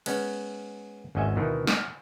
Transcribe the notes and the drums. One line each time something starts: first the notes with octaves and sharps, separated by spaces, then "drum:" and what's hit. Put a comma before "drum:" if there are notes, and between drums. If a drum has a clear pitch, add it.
G#3 B3 C#4, drum: cymbal
G#1 E2 C#4 D#5 E5 G#5
D2 B2 D#3 E3
G#5, drum: snare